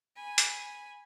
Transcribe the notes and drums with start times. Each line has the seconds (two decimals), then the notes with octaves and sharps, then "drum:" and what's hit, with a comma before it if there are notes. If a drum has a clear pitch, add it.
0.16 G#5 B5
0.38 drum: hi-hat